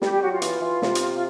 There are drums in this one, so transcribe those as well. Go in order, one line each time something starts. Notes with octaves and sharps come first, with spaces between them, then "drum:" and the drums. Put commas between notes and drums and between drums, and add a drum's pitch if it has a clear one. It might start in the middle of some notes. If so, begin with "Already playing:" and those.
G3 G4, drum: snare
G4
F#3 F#4
F4
E3, drum: hi-hat
E3
C3, drum: snare
drum: hi-hat
F4